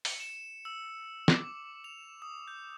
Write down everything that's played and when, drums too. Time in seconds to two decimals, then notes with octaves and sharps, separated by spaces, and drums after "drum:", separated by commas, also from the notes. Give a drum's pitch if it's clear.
0.05 C#7, drum: open hi-hat
0.20 E7
0.65 E6
1.28 D6, drum: snare
1.84 F7
2.22 D#6
2.48 G6